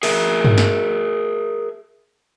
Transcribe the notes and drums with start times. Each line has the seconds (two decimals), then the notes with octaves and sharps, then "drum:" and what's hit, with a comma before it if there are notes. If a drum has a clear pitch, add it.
0.03 G#4 A#4 E5, drum: open hi-hat
0.45 drum: tom G2
0.58 drum: snare